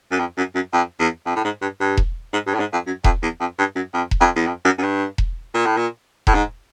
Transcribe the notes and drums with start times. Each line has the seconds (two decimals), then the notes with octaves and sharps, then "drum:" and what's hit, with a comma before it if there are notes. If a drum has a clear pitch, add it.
0.11 F#2
0.19 F2
0.37 F#2
0.55 F#2
0.73 F2
0.99 E2
1.26 F2
1.36 A2
1.44 G#2
1.61 G2
1.80 G2
1.97 drum: kick E1
2.33 G#2
2.47 G2
2.54 A2
2.59 G#2
2.73 F2
2.87 F#2
3.04 F2, drum: kick E1
3.22 E2
3.40 F2
3.58 G2
3.75 F#2
3.94 F2
4.11 drum: kick E1
4.20 F2
4.35 E2
4.47 F2
4.64 F#2
4.78 F#2
4.83 G2
5.18 drum: kick E1
5.54 A#2
5.66 A2
5.77 A#2
6.27 A2, drum: kick E1
6.34 G#2